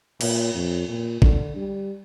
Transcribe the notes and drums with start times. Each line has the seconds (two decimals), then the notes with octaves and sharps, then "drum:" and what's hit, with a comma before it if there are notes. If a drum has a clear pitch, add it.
0.21 A#2, drum: cymbal
0.55 F2
0.89 A#2
1.22 D3, drum: kick
1.56 G3